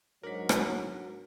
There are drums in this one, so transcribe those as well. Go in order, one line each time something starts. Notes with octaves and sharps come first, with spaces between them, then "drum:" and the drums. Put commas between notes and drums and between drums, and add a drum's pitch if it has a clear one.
G#2 F#3 D4 F#4 A#4 C#5 B6
drum: rim click